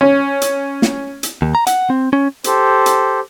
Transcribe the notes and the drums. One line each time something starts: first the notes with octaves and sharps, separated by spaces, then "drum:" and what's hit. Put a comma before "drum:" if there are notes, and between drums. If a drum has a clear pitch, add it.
C#4
drum: hi-hat
drum: snare
drum: hi-hat
D#2
A#5
F#5, drum: hi-hat
C4
C#4
G4 A4 C5, drum: hi-hat
drum: hi-hat